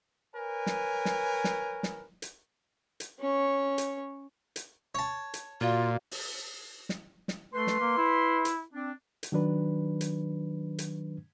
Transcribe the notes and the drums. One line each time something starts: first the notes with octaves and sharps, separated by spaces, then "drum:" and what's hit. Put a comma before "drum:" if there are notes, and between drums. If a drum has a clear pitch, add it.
A#4 B4 C#5 G#5
drum: snare
drum: snare
drum: snare
drum: snare
drum: hi-hat
drum: hi-hat
C#4 C#5
drum: hi-hat
drum: hi-hat
C#5 A5
drum: hi-hat
A#2 F4 F#4 D5 F5
drum: open hi-hat
drum: snare
drum: snare
A3 B4 C6
drum: snare
A#3
E4
drum: hi-hat
C4 D4
drum: hi-hat
D#3 F#3 D4 B4
drum: hi-hat
drum: hi-hat